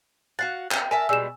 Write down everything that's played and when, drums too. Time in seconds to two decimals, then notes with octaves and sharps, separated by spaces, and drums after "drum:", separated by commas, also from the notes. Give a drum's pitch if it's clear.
0.39 F#4 F5 F#5 A6
0.71 G5, drum: clap
0.91 A#4 E5 G#5 A5
1.09 B2 G3 G#3 E6 E7